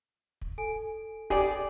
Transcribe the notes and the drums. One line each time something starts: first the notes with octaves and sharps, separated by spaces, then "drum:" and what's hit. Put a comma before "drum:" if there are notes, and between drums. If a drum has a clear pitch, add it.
drum: kick
A4 G#5 D7
G4 G#4 D5, drum: kick